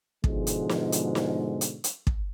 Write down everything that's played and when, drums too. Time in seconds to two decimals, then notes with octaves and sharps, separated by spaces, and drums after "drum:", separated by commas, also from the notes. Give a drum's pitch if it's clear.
0.24 G#2 B2 D3 F3 G#3, drum: kick
0.47 drum: hi-hat
0.69 drum: snare
0.92 drum: hi-hat
1.15 drum: snare
1.61 drum: hi-hat
1.84 drum: hi-hat
2.07 drum: kick